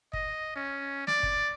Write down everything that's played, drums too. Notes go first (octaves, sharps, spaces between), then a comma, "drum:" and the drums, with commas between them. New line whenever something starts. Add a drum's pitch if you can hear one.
D#5, drum: kick
C#4
D5, drum: snare
drum: kick